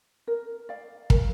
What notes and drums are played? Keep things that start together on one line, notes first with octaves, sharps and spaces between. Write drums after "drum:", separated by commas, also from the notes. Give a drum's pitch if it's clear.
A#4
D5 F5
A#4, drum: kick